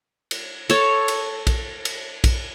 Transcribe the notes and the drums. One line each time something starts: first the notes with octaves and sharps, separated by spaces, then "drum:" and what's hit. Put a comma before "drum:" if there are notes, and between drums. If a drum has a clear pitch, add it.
drum: cymbal
A4 C#5, drum: cymbal
drum: cymbal
drum: kick A#1, cymbal
drum: cymbal
drum: kick A#1, cymbal